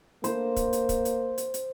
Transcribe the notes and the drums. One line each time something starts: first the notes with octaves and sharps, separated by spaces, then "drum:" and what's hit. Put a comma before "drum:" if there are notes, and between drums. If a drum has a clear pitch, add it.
A#3 C5, drum: hi-hat
drum: kick, hi-hat
drum: hi-hat
drum: kick, hi-hat
drum: hi-hat
drum: hi-hat
drum: hi-hat